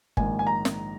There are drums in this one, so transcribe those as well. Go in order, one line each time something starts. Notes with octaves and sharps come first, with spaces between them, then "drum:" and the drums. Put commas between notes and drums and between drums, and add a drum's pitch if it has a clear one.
A#1 G#2 D#3 G#5, drum: kick
G#5
A#5
drum: snare